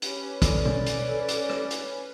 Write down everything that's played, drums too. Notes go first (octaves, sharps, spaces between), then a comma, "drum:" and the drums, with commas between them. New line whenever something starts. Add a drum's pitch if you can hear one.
C#4 G4 B4, drum: hi-hat
A4 D5, drum: kick, hi-hat
drum: tom B2
drum: hi-hat
drum: hi-hat
drum: rim click
drum: hi-hat